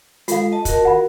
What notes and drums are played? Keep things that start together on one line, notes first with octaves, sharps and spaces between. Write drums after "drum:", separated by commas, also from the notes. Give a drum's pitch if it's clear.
G#3 F4 A4 F5, drum: hi-hat
D#5 A5
F#4 A#4, drum: kick, hi-hat
F#5 B5